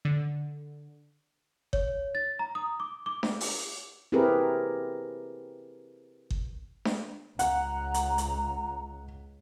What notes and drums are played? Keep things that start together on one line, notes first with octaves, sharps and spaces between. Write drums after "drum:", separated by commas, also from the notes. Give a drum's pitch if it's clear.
D3
C#5, drum: kick G1
A6
A#5
D#6
D6
D6
drum: snare D4
drum: open hi-hat
C4 E4 G4 G#4 A#4 B4
drum: kick G1
drum: snare D4
C#2 F#5 A#5, drum: hi-hat
drum: hi-hat
drum: hi-hat